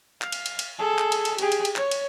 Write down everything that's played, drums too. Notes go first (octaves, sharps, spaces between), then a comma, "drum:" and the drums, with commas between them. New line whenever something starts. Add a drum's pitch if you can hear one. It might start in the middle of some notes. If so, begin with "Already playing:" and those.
F5, drum: clap
drum: cymbal
drum: cymbal
drum: cymbal
G#4 A4
drum: clap
drum: cymbal
drum: cymbal
G4 G#4, drum: cymbal
drum: cymbal
drum: cymbal
C#5, drum: clap
drum: cymbal